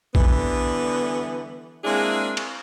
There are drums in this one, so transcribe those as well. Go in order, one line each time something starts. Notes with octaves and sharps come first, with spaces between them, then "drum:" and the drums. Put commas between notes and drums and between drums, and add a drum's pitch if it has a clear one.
D3 E3 G3 B3, drum: kick A#1
G#3 A#3 C4 D4 E4 G#4
drum: cymbal